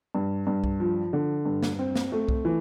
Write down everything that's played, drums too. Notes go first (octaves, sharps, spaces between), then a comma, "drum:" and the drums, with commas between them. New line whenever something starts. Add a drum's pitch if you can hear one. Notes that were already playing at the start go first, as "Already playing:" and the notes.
G2
G2
drum: kick C2
F3
D3
G2
drum: snare
C4
drum: snare
A3
drum: kick C2
E3